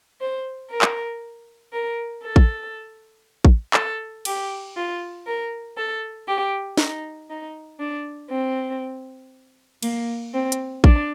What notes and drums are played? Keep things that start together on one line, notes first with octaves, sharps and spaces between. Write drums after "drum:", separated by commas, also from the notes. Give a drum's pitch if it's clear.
C5
A#4
drum: clap
A#4
A4
drum: kick A1
drum: kick A1
A4, drum: clap
G4, drum: cymbal
F4
A#4
A4
G4
D#4, drum: snare
D#4
D4
C4
A#3, drum: cymbal
C4
drum: hi-hat
D4, drum: kick A1